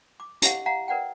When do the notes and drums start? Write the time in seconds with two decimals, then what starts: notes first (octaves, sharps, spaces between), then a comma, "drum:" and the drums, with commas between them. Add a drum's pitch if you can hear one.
0.20 D6
0.42 E4 G4 D#5 F5 F#5, drum: hi-hat
0.66 D#5 F5 F#5 A#5
0.88 A#4 B4 D5 F#5 G5